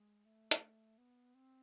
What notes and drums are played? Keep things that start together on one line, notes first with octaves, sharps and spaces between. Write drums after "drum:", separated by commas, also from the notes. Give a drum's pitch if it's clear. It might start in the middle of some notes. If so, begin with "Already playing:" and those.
Already playing: G#3
A3
drum: hi-hat
B3
C4